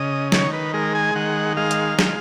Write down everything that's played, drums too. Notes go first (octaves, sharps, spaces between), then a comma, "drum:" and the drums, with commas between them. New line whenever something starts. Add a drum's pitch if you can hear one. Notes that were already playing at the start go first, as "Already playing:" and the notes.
Already playing: C#3 D#5
D#3 C#5, drum: snare
B4
G#3 A#4
G#5
D#3 F#5
G#3 F5
drum: hi-hat
G#3, drum: snare